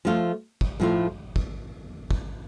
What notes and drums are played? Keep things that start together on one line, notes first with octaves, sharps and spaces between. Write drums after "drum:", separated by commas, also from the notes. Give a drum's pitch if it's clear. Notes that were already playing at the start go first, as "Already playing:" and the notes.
F3 A3 F4
drum: kick
A2 F3 A3 F4
drum: kick
drum: kick